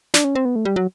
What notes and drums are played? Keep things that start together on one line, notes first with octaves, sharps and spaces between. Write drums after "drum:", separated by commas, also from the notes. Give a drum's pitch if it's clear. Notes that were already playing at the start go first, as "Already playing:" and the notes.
D4, drum: snare
C#4
C4
B3
A3
G3
F#3